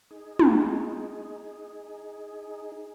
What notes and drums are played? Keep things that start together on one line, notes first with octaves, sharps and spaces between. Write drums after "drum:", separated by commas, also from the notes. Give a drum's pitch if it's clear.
D#4 G#4
drum: tom